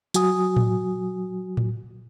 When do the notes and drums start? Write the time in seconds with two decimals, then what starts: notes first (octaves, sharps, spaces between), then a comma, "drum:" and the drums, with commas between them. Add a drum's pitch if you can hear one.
0.14 F#3 F#4 G#5 D#6, drum: hi-hat
0.57 drum: tom A2
1.57 drum: tom A2